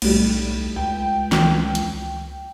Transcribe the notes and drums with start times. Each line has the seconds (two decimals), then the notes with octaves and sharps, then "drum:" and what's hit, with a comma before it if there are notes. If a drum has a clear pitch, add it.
0.02 B1 A2 G3, drum: cymbal
0.76 C#2 G5
1.32 drum: snare
1.75 drum: hi-hat